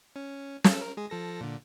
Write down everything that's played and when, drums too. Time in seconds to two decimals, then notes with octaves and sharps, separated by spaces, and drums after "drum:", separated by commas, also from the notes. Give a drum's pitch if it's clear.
0.16 C#4
0.64 A4 E6, drum: snare
0.82 A#4
0.97 G#3 G#4
1.10 F3 A4 A#6
1.41 A#2 D3